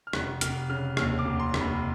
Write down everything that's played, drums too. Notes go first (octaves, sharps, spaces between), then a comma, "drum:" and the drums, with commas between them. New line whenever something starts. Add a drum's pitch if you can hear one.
F6
F1 F#6, drum: rim click
F1 F6, drum: hi-hat
C#3 F6
D#2 F6, drum: rim click
D6
F1
C6
F1, drum: rim click
B5